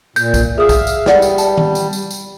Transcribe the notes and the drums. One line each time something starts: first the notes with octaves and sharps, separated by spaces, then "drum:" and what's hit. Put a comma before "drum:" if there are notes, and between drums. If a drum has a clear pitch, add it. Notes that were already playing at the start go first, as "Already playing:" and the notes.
A#2 G6, drum: tambourine
drum: kick, tambourine
G#4 E5 F5 D#6
drum: kick, tambourine
drum: tambourine
G3 B4 D5 F#5, drum: snare
drum: tambourine
A5, drum: tambourine
drum: tom D#3
drum: tambourine
drum: tambourine
drum: tambourine